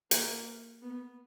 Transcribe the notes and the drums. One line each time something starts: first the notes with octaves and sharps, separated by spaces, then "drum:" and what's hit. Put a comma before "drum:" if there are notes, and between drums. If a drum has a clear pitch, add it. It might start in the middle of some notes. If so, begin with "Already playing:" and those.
A#3, drum: hi-hat
B3